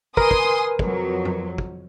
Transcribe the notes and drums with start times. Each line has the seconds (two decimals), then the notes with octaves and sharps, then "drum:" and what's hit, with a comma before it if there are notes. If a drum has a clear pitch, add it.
0.17 A#4 B4 G#5 C6 D#6, drum: kick
0.31 drum: kick
0.79 F2 F#3, drum: kick
1.25 drum: tom F2
1.58 drum: kick